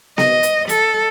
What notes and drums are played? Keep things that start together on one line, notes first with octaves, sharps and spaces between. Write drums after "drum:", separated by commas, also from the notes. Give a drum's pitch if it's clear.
D#5, drum: snare B3
drum: hi-hat
A4, drum: hi-hat